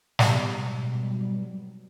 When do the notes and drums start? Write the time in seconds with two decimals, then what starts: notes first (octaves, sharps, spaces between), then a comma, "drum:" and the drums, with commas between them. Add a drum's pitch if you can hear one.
0.19 G#2 B2 F#3 G3, drum: snare